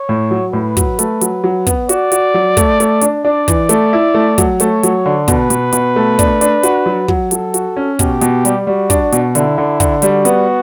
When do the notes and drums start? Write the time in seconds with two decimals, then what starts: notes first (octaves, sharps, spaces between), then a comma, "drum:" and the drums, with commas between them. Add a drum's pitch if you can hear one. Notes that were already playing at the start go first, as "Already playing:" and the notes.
Already playing: C#5
0.09 A2
0.31 F#3
0.53 A2 B4
0.77 F#3, drum: kick, hi-hat
0.99 A3, drum: hi-hat
1.21 F#3, drum: hi-hat
1.44 F#3
1.67 B3, drum: kick, hi-hat
1.89 F#4 D5, drum: hi-hat
2.12 F#4, drum: hi-hat
2.34 F#3
2.57 A3, drum: kick, hi-hat
2.80 A3, drum: hi-hat
3.01 D4, drum: hi-hat
3.25 D4 D5
3.48 E3, drum: kick, hi-hat
3.69 A3, drum: hi-hat
3.93 E4
4.14 A3
4.38 F#3, drum: kick, hi-hat
4.60 A3 C#5, drum: hi-hat
4.83 F#3, drum: hi-hat
5.06 D3
5.28 B2 B4, drum: kick, hi-hat
5.50 B2, drum: hi-hat
5.72 B2, drum: hi-hat
5.96 A3
6.19 D4, drum: kick, hi-hat
6.41 D4, drum: hi-hat
6.63 F#4, drum: hi-hat
6.86 F#3
7.08 F#3, drum: kick
7.31 F#3 A4, drum: hi-hat
7.54 F#4, drum: hi-hat
7.77 C#4
7.99 B2 G4, drum: kick, hi-hat
8.21 B2, drum: hi-hat
8.45 G3, drum: hi-hat
8.67 G3 F#4
8.90 D4, drum: kick, hi-hat
9.12 B2, drum: hi-hat
9.35 D3 E4, drum: hi-hat
9.58 D3
9.80 D3, drum: kick, hi-hat
10.02 G3 F#4, drum: hi-hat
10.25 B3, drum: hi-hat